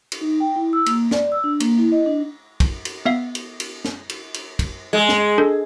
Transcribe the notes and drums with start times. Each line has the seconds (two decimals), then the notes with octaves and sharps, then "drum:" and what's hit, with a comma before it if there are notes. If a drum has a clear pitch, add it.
0.12 drum: cymbal
0.21 D#4
0.40 G5
0.56 E4
0.73 E6
0.86 A#3, drum: cymbal
1.11 D5, drum: snare
1.32 E6
1.44 D4
1.60 A#3, drum: cymbal
1.78 E4
1.92 D#5
2.06 D4
2.60 drum: kick, cymbal
2.85 drum: cymbal
3.05 B3 E5 F5
3.35 drum: cymbal
3.60 drum: cymbal
3.85 drum: snare
4.09 drum: cymbal
4.34 drum: cymbal
4.59 drum: kick, cymbal
4.93 G#3
5.09 drum: snare
5.38 D4 A4